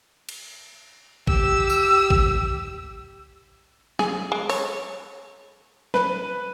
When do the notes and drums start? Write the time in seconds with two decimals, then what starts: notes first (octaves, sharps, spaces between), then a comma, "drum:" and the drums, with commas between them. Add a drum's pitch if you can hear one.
0.29 drum: cymbal
1.27 G4 E6, drum: kick G#1
1.69 drum: tambourine
2.10 drum: kick G#1
3.99 G#4, drum: snare
4.32 G#3
4.49 C#5, drum: open hi-hat
5.94 B4, drum: snare